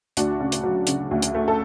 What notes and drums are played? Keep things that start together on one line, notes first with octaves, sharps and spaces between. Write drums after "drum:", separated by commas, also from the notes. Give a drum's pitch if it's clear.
D2 D4 F#4, drum: hi-hat
C#3
drum: hi-hat
F#3
C#3, drum: hi-hat
D2
drum: hi-hat
A3
A4